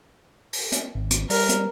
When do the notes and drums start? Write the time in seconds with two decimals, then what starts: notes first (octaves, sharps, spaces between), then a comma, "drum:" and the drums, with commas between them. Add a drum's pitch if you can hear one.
0.53 drum: open hi-hat
0.72 drum: hi-hat
0.95 G#1
1.11 drum: hi-hat
1.30 G3 A#4, drum: open hi-hat
1.49 drum: hi-hat